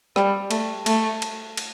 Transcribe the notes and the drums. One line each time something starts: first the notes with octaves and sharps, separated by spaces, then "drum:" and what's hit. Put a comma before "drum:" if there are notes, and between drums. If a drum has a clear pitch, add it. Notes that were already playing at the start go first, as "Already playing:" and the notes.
G3, drum: rim click
A3, drum: cymbal
A3, drum: cymbal
drum: cymbal
drum: cymbal